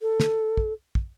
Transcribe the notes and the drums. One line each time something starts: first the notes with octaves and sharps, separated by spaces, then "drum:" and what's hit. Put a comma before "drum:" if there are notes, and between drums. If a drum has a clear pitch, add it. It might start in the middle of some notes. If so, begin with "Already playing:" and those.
A4
drum: snare
drum: kick
drum: kick